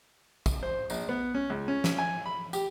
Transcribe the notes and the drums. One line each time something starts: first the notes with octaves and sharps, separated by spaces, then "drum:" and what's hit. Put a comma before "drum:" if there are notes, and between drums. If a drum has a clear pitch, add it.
drum: kick, tambourine
C5
A#1, drum: tambourine
B3
C#4
C#2
C#4
drum: snare
G#5
B5
G4, drum: tambourine